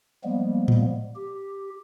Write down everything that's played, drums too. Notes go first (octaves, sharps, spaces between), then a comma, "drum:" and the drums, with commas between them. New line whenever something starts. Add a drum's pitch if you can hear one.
F3 G3 G#3 A#3 B3
drum: tom A2
G4